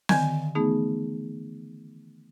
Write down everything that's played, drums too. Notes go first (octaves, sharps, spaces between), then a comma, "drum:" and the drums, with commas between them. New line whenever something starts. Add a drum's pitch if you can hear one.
D3 D#3 G#5 G6 G#6, drum: snare
E3 A3 B3 D#4 G#4